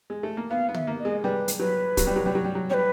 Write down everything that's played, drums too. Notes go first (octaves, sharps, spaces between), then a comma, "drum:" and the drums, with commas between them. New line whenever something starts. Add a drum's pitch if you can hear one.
G#3
A3
A#3
B3 F5
B3
E5, drum: tom
A#3
D#5
G#3
G3 B4
drum: hi-hat
F#3 B4
F#3, drum: kick, hi-hat
G3
F#3
G3
F#3
G3
F#3
G3 B4 C#5